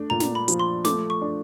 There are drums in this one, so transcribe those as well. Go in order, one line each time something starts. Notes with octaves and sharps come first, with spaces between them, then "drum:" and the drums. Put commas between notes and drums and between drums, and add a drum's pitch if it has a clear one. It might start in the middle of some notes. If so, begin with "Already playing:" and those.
Already playing: A3 D4
A#2 A#5
drum: snare
B5
F3, drum: hi-hat
C6
A3 D6, drum: snare
C#6
D4